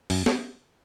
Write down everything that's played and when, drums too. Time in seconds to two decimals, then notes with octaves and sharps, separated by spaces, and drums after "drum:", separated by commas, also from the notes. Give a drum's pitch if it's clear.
0.10 F#2, drum: open hi-hat
0.26 A4 C#5, drum: snare B3